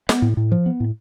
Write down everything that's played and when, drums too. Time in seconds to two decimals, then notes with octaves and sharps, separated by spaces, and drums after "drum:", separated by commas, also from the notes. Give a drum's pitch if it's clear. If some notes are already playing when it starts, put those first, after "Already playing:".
0.09 B3, drum: snare
0.22 A2
0.37 A2
0.52 F3
0.66 B3
0.80 A2